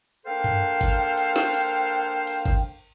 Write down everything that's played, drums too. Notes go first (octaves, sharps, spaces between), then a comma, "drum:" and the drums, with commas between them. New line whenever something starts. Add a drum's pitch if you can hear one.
A#3 D4 A4 C5 F5 G5
drum: tom F#2
drum: kick, cymbal
drum: cymbal
drum: snare
drum: cymbal
drum: cymbal
drum: kick